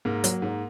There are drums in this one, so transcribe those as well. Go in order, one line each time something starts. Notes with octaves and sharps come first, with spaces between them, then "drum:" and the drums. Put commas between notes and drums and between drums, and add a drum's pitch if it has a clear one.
G#2 A#3
F#3, drum: hi-hat
G#2